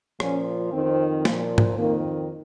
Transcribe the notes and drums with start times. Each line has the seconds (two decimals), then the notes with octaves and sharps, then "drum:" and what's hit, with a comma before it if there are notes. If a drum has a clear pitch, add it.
0.20 A#2 F3 C#4, drum: rim click
0.72 F2 D#3 C4
1.25 A#2 F3, drum: snare
1.58 drum: tom G#2
1.77 F2 D#3 A#3